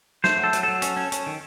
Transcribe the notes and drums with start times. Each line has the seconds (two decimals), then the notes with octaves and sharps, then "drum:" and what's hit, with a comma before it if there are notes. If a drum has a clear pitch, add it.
0.24 A3 C5, drum: snare
0.38 F#3
0.44 A4
0.53 F#3, drum: hi-hat
0.63 F#3 A4
0.82 C#4, drum: hi-hat
0.97 C#4
1.12 C#4, drum: hi-hat
1.27 D#3